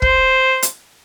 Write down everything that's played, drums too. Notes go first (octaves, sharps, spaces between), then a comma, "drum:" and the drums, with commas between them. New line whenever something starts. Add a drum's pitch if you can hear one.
C5, drum: kick
drum: hi-hat